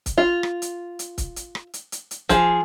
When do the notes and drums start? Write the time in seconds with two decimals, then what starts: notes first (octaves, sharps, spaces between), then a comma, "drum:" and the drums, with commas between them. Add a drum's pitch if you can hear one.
0.06 drum: kick, hi-hat
0.18 F4
0.43 drum: rim click
0.62 drum: hi-hat
0.99 drum: hi-hat
1.18 drum: kick, hi-hat
1.36 drum: hi-hat
1.55 drum: rim click
1.74 drum: hi-hat
1.92 drum: hi-hat
2.11 drum: hi-hat
2.29 F3 G#4, drum: kick, hi-hat